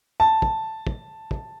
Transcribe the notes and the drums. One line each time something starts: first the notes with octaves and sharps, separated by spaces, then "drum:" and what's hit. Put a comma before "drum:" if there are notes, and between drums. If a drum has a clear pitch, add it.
A5
drum: kick
drum: kick
drum: kick